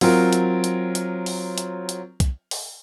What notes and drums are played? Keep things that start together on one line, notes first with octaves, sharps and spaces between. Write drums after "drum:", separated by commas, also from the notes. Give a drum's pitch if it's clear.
F#3 C4 F4 A#4, drum: open hi-hat
drum: hi-hat
drum: hi-hat
drum: hi-hat
drum: open hi-hat
drum: hi-hat
drum: hi-hat
drum: kick B1, hi-hat
drum: open hi-hat